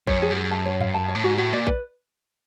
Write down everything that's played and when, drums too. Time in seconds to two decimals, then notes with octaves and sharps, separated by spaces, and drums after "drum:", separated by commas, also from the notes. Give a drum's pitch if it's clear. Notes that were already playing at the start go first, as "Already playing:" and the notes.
0.07 F#2 C#5, drum: kick A#1
0.19 F2 G#4
0.31 F#2
0.36 G#4
0.51 A5
0.66 C#5
0.80 F5, drum: tom G2
0.94 A5
1.08 C#5
1.15 A2
1.24 G#2 F#4
1.38 A2 F#4
1.53 A#2 D5
1.67 B4, drum: kick A#1